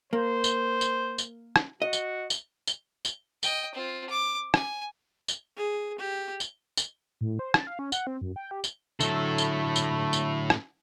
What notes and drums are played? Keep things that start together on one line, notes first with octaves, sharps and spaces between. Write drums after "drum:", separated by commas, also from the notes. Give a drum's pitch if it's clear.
A#3 C5
drum: tambourine
drum: tambourine
drum: tambourine
drum: rim click
F#4 D#5
drum: tambourine
drum: tambourine
drum: tambourine
drum: tambourine
D#5 G5, drum: tambourine
C4 F4
D6
G#5, drum: rim click
drum: tambourine
G#4
G4
drum: tambourine
drum: tambourine
A2
C5
A5, drum: rim click
F5
C#4
F#5, drum: tambourine
C4
F#2
G5
G4
drum: tambourine
A2 D3 F#3 A3 A4, drum: tambourine
drum: tambourine
drum: tambourine
drum: tambourine
drum: rim click